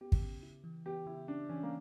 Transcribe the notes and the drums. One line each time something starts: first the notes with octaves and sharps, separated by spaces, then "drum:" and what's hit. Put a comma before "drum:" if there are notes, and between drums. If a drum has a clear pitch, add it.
B3 G4
drum: kick
C#3
E4
E3
B3 G4
C#3 E4
D4 E4
E3 C#4
A#3